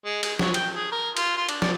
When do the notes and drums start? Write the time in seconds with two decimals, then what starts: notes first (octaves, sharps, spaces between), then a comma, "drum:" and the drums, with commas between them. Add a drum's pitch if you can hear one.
0.05 G#3
0.23 G#3, drum: cymbal
0.39 F#3, drum: snare
0.54 G5, drum: cymbal
0.73 G#4
0.92 A#4
1.17 F4, drum: cymbal
1.37 F4
1.49 D4, drum: cymbal
1.62 D5, drum: snare